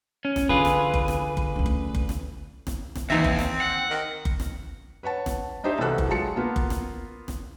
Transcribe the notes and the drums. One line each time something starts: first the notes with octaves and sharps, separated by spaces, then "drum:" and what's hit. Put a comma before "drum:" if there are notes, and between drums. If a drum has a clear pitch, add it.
C#4
drum: snare
D3 E3 F4 G#4 B4
drum: snare
drum: kick F#1
drum: snare
drum: kick F#1
D2 C#4
drum: kick F#1
drum: kick F#1
drum: snare
drum: snare
drum: snare
D#2 E3 C4 D#4 E5
drum: kick F#1
drum: snare
F#5
D#3
drum: kick F#1
drum: snare
B4 C#5 F#5 A5
drum: snare
D4 D#4 G4 C5 D#5 E5
C2 E3 F#4 A4 F#6
drum: kick F#1
F#3 G#3 F4 A5 C#7
A#3 B3 F4
drum: kick F#1
drum: snare
drum: snare